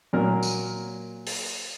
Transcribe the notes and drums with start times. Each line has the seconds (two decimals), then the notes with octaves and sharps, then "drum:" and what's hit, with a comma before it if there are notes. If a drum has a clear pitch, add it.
0.13 A#2 F#3 A#3 A#4
0.43 drum: tambourine
1.27 drum: open hi-hat